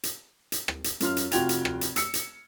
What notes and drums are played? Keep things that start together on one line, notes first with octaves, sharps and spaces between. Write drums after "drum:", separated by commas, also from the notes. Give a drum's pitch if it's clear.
drum: hi-hat
drum: hi-hat
drum: rim click
drum: hi-hat
F#2 F4 F6, drum: hi-hat
drum: hi-hat
F1 F4 F#4 G5 G#6 F7, drum: hi-hat
drum: hi-hat
drum: rim click
drum: hi-hat
E6 C#7, drum: hi-hat
drum: hi-hat